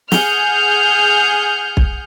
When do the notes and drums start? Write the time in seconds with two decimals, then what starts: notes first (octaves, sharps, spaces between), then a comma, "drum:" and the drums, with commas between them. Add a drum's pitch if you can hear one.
0.12 G#4 F#5 F6 G6, drum: snare
1.77 drum: kick